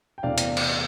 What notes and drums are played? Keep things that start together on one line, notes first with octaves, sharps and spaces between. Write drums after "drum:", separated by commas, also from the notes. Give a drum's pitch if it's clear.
G5
E2 C3 E3 A3 D4 D5 F5
drum: hi-hat
drum: cymbal